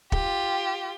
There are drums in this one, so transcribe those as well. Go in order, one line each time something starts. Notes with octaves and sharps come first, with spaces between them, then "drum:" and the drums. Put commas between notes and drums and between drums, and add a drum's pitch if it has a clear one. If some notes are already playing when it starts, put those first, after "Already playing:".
F4 G4, drum: kick